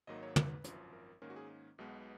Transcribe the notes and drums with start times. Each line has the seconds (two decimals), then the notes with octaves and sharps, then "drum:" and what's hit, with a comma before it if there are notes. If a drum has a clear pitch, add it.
0.07 G#1 G#2 D#3 F#3 A#3 D#5
0.23 C#5
0.36 B4, drum: tom
0.64 G#1 F#2 F3, drum: hi-hat
0.93 A#4
1.22 G#2 D#3 A#3 C#4 A#4
1.30 F#4
1.36 G#4
1.78 B1 B2 G#3 B3